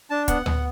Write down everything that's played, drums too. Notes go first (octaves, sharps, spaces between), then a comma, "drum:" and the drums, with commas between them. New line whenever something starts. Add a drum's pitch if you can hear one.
D4 A5
B3 F#5, drum: kick, hi-hat
B3, drum: tom D2